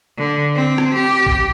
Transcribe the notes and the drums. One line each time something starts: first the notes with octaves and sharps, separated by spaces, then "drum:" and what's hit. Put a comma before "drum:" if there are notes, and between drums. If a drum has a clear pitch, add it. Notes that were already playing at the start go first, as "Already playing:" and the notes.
D3
C4
drum: rim click
G4
drum: kick